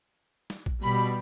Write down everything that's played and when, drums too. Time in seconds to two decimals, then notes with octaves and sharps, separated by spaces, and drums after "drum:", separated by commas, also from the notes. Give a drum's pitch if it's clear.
0.50 drum: snare
0.66 drum: kick A#1
0.82 B2 G3 B5